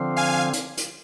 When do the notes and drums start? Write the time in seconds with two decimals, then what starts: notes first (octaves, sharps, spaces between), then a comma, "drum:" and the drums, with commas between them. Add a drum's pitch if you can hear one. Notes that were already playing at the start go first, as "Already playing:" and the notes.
Already playing: D3 F3 C4
0.16 F5 G#5
0.53 drum: hi-hat
0.77 drum: hi-hat